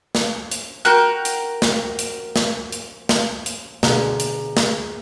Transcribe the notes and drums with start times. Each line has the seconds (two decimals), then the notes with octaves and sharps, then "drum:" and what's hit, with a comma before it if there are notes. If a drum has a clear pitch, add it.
0.15 drum: snare
0.51 drum: hi-hat
0.85 F#4 A#4 G5 F#6
1.25 drum: hi-hat
1.62 drum: snare
1.99 drum: hi-hat
2.36 drum: snare
2.72 drum: hi-hat
3.09 drum: snare
3.46 drum: hi-hat
3.83 B2 D3 G#4 A#5, drum: snare
4.20 drum: hi-hat
4.57 drum: snare